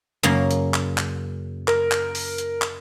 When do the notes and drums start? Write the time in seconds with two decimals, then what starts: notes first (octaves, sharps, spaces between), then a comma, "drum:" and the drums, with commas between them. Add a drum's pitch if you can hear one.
0.23 F#2 C#3 A#3
0.51 drum: hi-hat
0.74 drum: clap
0.98 drum: clap
1.68 A#4, drum: clap
1.91 drum: clap
2.15 drum: open hi-hat
2.38 drum: hi-hat
2.62 drum: clap